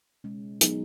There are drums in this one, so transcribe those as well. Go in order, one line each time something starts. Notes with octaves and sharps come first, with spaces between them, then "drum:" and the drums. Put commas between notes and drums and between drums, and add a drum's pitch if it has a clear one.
B2 G#3 C#4
F#3 B3 D#4 G#4, drum: hi-hat